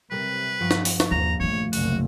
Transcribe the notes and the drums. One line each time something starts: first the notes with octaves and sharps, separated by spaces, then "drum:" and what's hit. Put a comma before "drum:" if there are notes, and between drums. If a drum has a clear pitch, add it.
C3 G3 A#4 B4
G2 F3 F#5
drum: snare
drum: open hi-hat
drum: snare
A#1 D#2 A#5
D#3 A3 C#5
F#1 C2 F#4, drum: open hi-hat